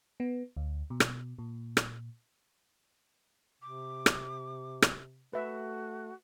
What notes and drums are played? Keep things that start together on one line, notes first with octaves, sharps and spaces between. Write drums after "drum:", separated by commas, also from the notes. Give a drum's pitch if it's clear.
B3
D2
B2
drum: rim click
A#2
drum: rim click
C3 D6
drum: rim click
drum: rim click
A3 F#4 B4 E5